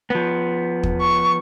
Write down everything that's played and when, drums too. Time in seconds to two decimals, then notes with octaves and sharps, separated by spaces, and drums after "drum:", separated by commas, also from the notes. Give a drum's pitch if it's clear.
0.10 F3 B3
0.83 drum: kick
1.01 C#6